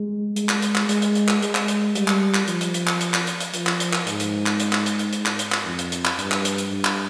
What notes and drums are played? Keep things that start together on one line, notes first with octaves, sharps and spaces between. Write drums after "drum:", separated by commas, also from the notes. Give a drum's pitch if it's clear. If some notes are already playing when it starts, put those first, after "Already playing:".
Already playing: G#3
G#3, drum: hi-hat
drum: clap
drum: hi-hat
drum: clap
G#3, drum: hi-hat
drum: hi-hat
drum: hi-hat
drum: clap
G#3, drum: hi-hat
drum: clap
drum: hi-hat
G3, drum: hi-hat
drum: clap
drum: clap
F3, drum: hi-hat
drum: hi-hat
drum: hi-hat
drum: clap
drum: hi-hat
drum: clap
drum: hi-hat
drum: hi-hat
F3, drum: hi-hat
drum: clap
drum: hi-hat
drum: clap
G#2, drum: hi-hat
drum: hi-hat
drum: clap
drum: hi-hat
drum: clap
drum: hi-hat
drum: hi-hat
drum: hi-hat
drum: clap
drum: hi-hat
drum: clap
F2
drum: hi-hat
drum: hi-hat
drum: clap
G2, drum: hi-hat
drum: clap
drum: hi-hat
drum: hi-hat
G2
drum: clap